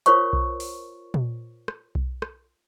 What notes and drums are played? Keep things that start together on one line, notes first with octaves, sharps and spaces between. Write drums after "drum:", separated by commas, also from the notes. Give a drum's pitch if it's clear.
F4 A#4 C5 C#5 C#6, drum: hi-hat
drum: kick B1
drum: open hi-hat
drum: tom A#2
drum: rim click
drum: kick B1
drum: rim click